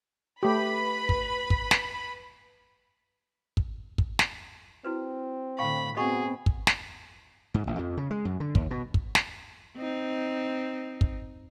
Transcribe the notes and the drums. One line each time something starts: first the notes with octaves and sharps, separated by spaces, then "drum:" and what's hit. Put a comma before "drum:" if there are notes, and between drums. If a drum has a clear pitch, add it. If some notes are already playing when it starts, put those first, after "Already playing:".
A3 G4 B4 B5
drum: kick
drum: kick
drum: snare
drum: kick
drum: kick
drum: snare
C4 E4 F#4 B4
A2 D3 F5 G5 B5 C#6
B3 C4 F#4 G#4 D#5 B5 C#6
drum: kick
drum: snare
G#2
A1
F2
C#3
G#3
F#2
D3
D#2, drum: kick
B2
drum: kick
drum: snare
C4 D#4
drum: kick